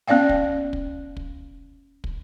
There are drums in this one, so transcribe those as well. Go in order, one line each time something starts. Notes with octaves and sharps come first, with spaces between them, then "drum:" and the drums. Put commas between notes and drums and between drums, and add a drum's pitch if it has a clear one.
B3 C#4 D5 F5 G5
drum: kick
drum: kick
drum: kick
drum: kick